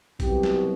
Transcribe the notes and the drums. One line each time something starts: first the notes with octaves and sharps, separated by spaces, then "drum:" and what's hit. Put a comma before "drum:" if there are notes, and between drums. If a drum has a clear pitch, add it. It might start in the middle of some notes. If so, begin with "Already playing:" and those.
C2 B2 F#3 G4, drum: kick A1, hi-hat
drum: snare